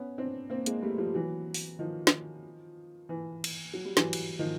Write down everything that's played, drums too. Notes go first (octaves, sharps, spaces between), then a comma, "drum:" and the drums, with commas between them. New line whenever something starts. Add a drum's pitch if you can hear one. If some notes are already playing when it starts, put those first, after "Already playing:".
Already playing: B3 C#4
C4 D4
A#3 C4
G#3 A#3, drum: hi-hat
G3 A3
F3 G3
E3 F#3
drum: open hi-hat
D#3 F3
drum: snare
E3
drum: cymbal
F#3
G3
E3 F#3, drum: snare
drum: cymbal
D#3 F3